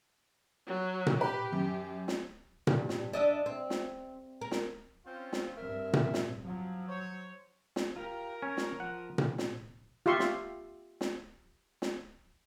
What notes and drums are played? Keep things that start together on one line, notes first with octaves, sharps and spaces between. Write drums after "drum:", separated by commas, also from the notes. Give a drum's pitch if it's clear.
F#3
drum: tom A#2
G4 B4
F#2
drum: snare
G2, drum: tom A#2
drum: snare
D4 D#5 E5
C4
drum: snare
A#4
drum: snare
C4 C#4 F4
drum: snare
G2 C4 A#4 E5
drum: tom A#2
drum: snare
F3 F#3
C5 C#5
drum: snare
F4 G4 A#4
C#4 C#5 G#5
drum: snare
F3 F#5
drum: tom A#2
drum: snare
F4 G4 E5 C6 C#6
drum: snare
drum: snare
drum: snare